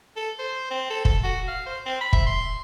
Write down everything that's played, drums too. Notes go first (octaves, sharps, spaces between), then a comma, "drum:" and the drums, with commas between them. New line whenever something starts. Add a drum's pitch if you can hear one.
A4
C5
C4
A4
A4, drum: kick
F#4
F5
C5
C4
B5
E5, drum: kick
C6